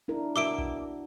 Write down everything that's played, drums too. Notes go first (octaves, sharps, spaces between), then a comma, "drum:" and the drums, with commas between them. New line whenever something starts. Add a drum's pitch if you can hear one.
D4 E4 A#4
B2 A#3 F#4 E5 D6 E6 D7
drum: kick